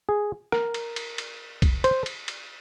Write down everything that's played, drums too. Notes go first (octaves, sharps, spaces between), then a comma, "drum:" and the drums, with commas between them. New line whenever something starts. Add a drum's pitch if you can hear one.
G#4
A#4, drum: rim click
drum: cymbal
drum: cymbal
drum: cymbal
drum: kick, cymbal
C5, drum: cymbal
drum: cymbal
drum: cymbal